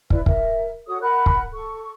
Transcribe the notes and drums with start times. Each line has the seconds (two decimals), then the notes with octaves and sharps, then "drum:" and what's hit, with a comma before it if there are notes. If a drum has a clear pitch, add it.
0.10 E4 B4 D5, drum: kick
0.26 A#4 E5, drum: kick
0.87 F#4 A4 C#5 D#6
1.01 A#4 F#5 B5 F#6
1.26 drum: kick
1.53 A4 C#6